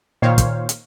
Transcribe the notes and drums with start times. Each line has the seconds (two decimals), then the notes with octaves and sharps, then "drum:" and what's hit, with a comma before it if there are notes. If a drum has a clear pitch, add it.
0.22 A#2 D#3 C5 C#5 F5
0.38 drum: kick, hi-hat
0.69 drum: hi-hat